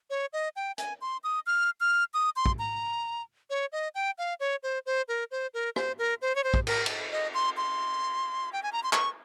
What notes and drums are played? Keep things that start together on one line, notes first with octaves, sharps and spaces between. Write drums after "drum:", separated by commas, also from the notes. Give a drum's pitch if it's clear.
C#5
D#5
G5
G#5, drum: hi-hat
C6
D#6
F6
F6
D#6
C6
drum: kick
A#5
C#5
D#5
G5
F5
C#5
C5
C5
A#4
C5
A#4
C5, drum: rim click
A#4
C5
C#5
C5
drum: kick
A#4, drum: cymbal
drum: cymbal
D#5
C6
C6
G5
G#5
A#5
C6
C#6, drum: clap